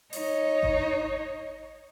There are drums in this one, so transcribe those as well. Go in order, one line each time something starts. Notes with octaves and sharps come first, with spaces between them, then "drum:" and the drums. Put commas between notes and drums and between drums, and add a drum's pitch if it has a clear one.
D#4 C#5, drum: open hi-hat
drum: kick G#1